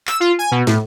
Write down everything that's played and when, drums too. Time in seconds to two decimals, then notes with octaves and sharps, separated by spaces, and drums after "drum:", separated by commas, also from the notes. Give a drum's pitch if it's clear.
0.07 E6, drum: clap
0.20 F4
0.39 G#5
0.51 B2
0.67 A2, drum: snare